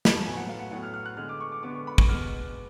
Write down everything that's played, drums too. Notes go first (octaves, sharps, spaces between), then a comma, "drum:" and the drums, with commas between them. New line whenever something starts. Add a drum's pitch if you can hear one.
B5, drum: snare
A5
A2 F#3 B3 G#5
F#5
F5
F#5
A2 F#3 B3 F#5
F6
F6
F#6
D3 G#3 B3 F6
D6
C#6
D6
D3 G#3 B3 D6
C#6
B5
C#6, drum: kick
B2 G#3 B3 F6